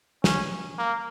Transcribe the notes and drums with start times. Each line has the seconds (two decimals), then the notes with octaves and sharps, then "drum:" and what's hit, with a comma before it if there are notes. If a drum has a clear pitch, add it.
0.24 C#4, drum: snare
0.79 A#3